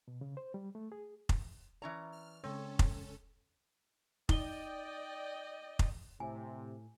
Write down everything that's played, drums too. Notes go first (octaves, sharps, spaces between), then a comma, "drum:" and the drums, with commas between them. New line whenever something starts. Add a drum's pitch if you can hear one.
B2
C#3
C5
G3
A3
G#4
drum: kick F1
E3 C#4 D5 A#5
F6
C#3 G#3 C4 C#4 A4 C#5
drum: kick F1
D#4 D5 D#5 G5 G7, drum: kick F1
drum: kick F1
A2 C3 G#5